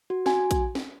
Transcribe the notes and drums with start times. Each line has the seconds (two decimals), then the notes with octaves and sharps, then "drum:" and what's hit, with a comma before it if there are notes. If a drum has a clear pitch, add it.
0.10 F#4
0.26 F#4 G#5, drum: snare
0.51 drum: kick, hi-hat
0.75 drum: snare